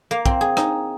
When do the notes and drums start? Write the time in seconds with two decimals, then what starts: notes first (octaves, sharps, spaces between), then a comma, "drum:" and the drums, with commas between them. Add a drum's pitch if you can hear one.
0.11 A#3
0.26 C4, drum: kick
0.41 G#4
0.57 D#4, drum: rim click